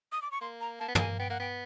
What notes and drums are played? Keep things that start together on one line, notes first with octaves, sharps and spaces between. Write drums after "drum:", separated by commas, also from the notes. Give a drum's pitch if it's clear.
D#6
D6
C#6
A#3 C6
A#5
A#3 A5
B3
A#3 G#5, drum: tom
B3 G5
A#3 F#5
B3 G5